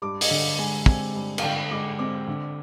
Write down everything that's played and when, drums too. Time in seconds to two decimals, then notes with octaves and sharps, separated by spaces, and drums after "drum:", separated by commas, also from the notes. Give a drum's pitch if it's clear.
0.02 G2 D6
0.21 D#5, drum: open hi-hat
0.30 D3
0.58 G#3 G#5
0.86 C4 G#5, drum: kick
1.15 G2
1.38 F5, drum: cymbal
1.43 D3 G5
1.71 G#3 D6
1.99 C4 D6
2.27 D3